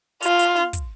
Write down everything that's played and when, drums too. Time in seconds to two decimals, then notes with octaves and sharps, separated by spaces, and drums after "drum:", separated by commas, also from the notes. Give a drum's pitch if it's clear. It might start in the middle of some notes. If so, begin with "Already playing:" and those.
0.22 F4, drum: hi-hat
0.39 drum: hi-hat
0.56 drum: snare
0.73 drum: kick, hi-hat